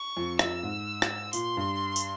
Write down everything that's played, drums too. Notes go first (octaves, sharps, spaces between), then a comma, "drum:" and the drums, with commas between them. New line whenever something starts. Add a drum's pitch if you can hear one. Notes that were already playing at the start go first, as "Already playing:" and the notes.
Already playing: C#6
F2
F2 E6, drum: rim click
G#2
drum: rim click
A#2 C6, drum: tambourine
G2
drum: tambourine